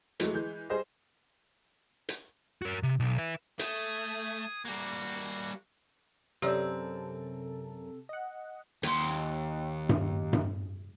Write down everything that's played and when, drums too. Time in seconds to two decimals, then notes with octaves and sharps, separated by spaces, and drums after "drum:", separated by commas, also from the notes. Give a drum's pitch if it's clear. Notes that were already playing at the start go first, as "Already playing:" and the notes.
0.20 E3 F#3 G#3 A3, drum: hi-hat
0.34 E3 G#3 G6
0.70 G3 G#4 C5 D#5
2.09 drum: hi-hat
2.62 F#4 A#4
2.83 C3
3.00 B1
3.18 B4 E5
3.59 A3 G#4 G#5 D#6, drum: hi-hat
4.65 G3 A#3 F#4
6.42 F#2 C3 C4 G4 A4 C#5 D5
8.09 D#5 F#5
8.83 D#2 C6, drum: hi-hat
9.89 drum: tom G2
10.33 drum: tom G2